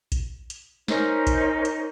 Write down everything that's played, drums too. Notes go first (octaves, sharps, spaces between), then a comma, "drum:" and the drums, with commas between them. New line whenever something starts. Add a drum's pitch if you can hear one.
drum: kick A#1, hi-hat
drum: hi-hat
C#4 D#4 A#4 C5, drum: snare
drum: kick A#1, hi-hat
drum: hi-hat